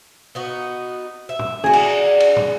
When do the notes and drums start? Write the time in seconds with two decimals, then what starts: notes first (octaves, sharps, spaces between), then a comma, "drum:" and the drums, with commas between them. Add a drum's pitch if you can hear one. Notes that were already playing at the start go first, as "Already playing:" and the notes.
0.35 B3 D#4 F#4
1.29 E5
1.39 drum: tom
1.64 D4 F#4 G#4
1.73 drum: cymbal
2.20 drum: cymbal
2.36 drum: tom